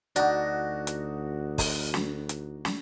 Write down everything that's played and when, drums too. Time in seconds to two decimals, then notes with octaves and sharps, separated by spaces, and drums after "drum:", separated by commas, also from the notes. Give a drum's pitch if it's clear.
0.16 D2 D4 D#4 F#4, drum: hi-hat
0.87 drum: hi-hat
1.58 drum: kick, open hi-hat
1.94 drum: snare
2.29 drum: hi-hat
2.65 drum: snare